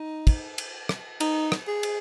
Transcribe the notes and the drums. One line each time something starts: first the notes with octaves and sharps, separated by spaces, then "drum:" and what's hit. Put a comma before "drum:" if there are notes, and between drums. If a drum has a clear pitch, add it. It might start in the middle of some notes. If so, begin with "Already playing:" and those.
Already playing: D#4
drum: kick, cymbal
drum: cymbal
drum: rim click
D#4, drum: cymbal
drum: rim click
G#4
drum: cymbal